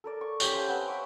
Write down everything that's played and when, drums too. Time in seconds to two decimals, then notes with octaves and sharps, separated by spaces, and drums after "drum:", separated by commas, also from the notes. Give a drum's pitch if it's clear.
0.04 A4 A#4 D5
0.21 C#6
0.40 C#4 G4, drum: tambourine
0.53 C5 F5 G#5 A5
0.67 B3 C4 B4
0.87 E5 C#6 D6